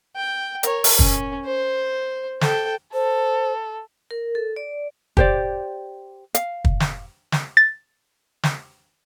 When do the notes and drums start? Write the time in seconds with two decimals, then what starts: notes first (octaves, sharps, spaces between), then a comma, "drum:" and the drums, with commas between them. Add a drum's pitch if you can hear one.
0.16 G5
0.63 A#4 C#5, drum: hi-hat
0.84 drum: open hi-hat
0.99 C#4, drum: kick
1.45 C5
2.41 A4 G5, drum: snare
2.94 A4 C5
4.11 A#4
4.35 A4
4.56 D5
5.17 G4 C5 D5, drum: kick
6.35 F5, drum: hi-hat
6.65 drum: kick
6.80 drum: snare
7.32 drum: snare
7.57 A6
8.43 drum: snare